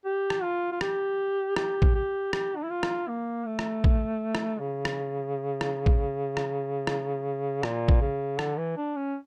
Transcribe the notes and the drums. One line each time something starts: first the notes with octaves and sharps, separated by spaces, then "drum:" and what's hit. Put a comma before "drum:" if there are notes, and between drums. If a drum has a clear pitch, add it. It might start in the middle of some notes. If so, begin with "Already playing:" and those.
G4
drum: rim click
F4
F4
G4, drum: rim click
G4, drum: rim click
drum: kick A1
G4
G4, drum: rim click
D4
E4
F4
drum: rim click
A#3
A3
drum: rim click
drum: kick A1
drum: rim click
C#3
drum: rim click
drum: rim click
drum: kick A1
drum: rim click
drum: rim click
A#2, drum: rim click
drum: kick A1
C#3
D3, drum: rim click
E3
D4
C#4